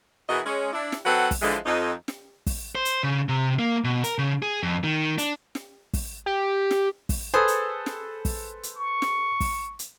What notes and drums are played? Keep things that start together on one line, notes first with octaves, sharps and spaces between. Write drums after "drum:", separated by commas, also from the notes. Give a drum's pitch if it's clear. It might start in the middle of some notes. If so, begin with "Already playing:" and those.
B2 E3 G#4 A#4 D#5 F#5
G#3 C#4
D4 E4
drum: snare
F#3 C4 A4 B4 F#5
drum: kick, open hi-hat
D3 E3 F3 G#3
F2 D#4
drum: snare
drum: kick, open hi-hat
C5
drum: hi-hat
C#3
C3
A#3
B2
A#4, drum: hi-hat
C#3
G#4
F2
D#3
D4, drum: hi-hat
drum: snare
drum: kick, open hi-hat
G4
drum: snare
drum: kick, open hi-hat
G#4 A4 B4 C5
drum: hi-hat
drum: snare
drum: kick, open hi-hat
drum: hi-hat
C#6
drum: snare
drum: kick, open hi-hat
drum: hi-hat